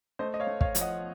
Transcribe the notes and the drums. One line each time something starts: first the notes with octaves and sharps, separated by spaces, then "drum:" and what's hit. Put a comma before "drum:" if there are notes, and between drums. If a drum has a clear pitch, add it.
A3 C5 D#5
D#5
C#5 F5
A3
C#5 F5, drum: kick
F3, drum: hi-hat
D#5 F#5